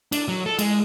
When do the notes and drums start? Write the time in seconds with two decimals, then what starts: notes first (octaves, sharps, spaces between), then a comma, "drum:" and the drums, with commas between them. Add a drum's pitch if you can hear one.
0.12 D4, drum: cymbal
0.28 F#3
0.46 A4
0.59 G#3, drum: cymbal